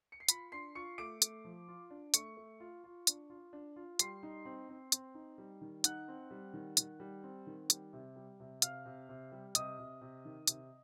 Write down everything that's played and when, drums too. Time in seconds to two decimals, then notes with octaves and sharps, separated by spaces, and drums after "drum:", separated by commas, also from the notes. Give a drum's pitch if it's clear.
0.12 C#7
0.20 C7
0.29 F4 B5 B6, drum: hi-hat
0.52 D4 C6 C7
0.75 F4 C#6 C#7
0.98 A3 D6 D7
1.22 A3, drum: hi-hat
1.45 F3
1.68 F4
1.90 D4
2.14 A3 C#6 C#7, drum: hi-hat
2.37 A3
2.60 F4
2.84 F4
3.07 D4, drum: hi-hat
3.30 F4
3.53 D4
3.76 F4
3.99 G3 C6 C7, drum: hi-hat
4.23 D#4
4.45 C4
4.69 C4
4.92 C4, drum: hi-hat
5.15 D#4
5.38 G3
5.61 D#3
5.84 D#4 F#5 F#6, drum: hi-hat
6.08 C4
6.31 G3
6.53 D#3
6.77 D#3, drum: hi-hat
7.00 G3
7.23 C4
7.47 D#3
7.70 G3, drum: hi-hat
7.93 C3
8.16 G3
8.40 C3
8.62 C3 F5 F6, drum: hi-hat
8.85 C3
9.09 C3
9.32 G3
9.55 C3 D#5 D#6, drum: hi-hat
9.79 C3
10.01 C3
10.25 D#3
10.47 C3, drum: hi-hat